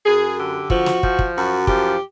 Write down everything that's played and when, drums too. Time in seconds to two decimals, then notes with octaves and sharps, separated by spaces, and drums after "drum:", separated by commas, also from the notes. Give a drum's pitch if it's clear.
0.05 F#2 G#4
0.37 D3 G4
0.70 F3 F#4, drum: kick
0.86 drum: snare
1.03 F3, drum: kick
1.19 drum: kick
1.34 F#2 F#4
1.67 F3 G4, drum: kick